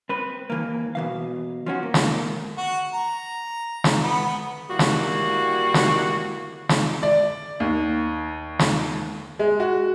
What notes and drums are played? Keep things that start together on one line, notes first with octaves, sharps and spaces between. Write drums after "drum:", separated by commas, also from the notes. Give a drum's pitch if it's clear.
C4 B4
D#2 E3 A#3
B2 E3 F5
F3 C#4 F#4
A#3
drum: snare
F#4
A#5
drum: snare
B3
G3 A#3 E4 F#4
drum: snare
drum: snare
drum: snare
D5
D#2
drum: snare
G#3
F#4